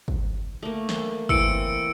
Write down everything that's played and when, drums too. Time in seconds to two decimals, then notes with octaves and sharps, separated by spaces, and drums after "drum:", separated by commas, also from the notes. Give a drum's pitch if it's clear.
0.08 drum: kick
0.63 A3 A#3
0.89 drum: snare
1.29 E3 A#3 C4 E6 C#7 D7, drum: kick